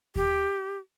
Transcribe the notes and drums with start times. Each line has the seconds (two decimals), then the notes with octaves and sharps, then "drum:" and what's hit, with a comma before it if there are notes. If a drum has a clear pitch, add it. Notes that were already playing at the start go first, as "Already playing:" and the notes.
0.16 G4, drum: kick D#2